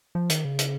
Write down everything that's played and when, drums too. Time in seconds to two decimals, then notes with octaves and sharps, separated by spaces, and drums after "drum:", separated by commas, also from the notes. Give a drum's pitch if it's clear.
0.15 F3
0.30 D#3, drum: hi-hat
0.45 C#3
0.59 drum: hi-hat